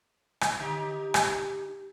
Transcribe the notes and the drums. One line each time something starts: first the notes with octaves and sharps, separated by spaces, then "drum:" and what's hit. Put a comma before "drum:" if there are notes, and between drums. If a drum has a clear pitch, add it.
drum: rim click
D3 D#4 G4
drum: rim click